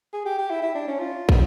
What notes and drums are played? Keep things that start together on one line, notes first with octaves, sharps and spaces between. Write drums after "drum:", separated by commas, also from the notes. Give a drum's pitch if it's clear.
G#4
G4
G4
E4
E4
D4
C#4
F4
drum: kick